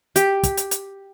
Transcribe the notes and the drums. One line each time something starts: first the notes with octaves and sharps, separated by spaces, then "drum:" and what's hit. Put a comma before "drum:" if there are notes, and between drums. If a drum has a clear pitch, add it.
G4, drum: hi-hat
drum: kick, hi-hat
drum: hi-hat
drum: hi-hat